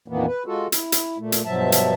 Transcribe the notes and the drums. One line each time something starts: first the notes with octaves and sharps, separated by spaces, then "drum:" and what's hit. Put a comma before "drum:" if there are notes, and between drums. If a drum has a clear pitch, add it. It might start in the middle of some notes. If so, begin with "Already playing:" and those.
F2 A#2 D#3 E3 A#3 B3
B4
G#3 F4 F#4 A4
E4, drum: hi-hat
drum: hi-hat
A#2 A3
drum: hi-hat
G2 B2 F3 F#3 E5 A5
drum: hi-hat